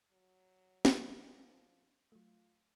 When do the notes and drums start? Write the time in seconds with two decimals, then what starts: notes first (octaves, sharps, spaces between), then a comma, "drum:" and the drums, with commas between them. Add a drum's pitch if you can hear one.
0.12 F#3
0.85 drum: snare
1.27 F3
2.12 F#3 A3 F4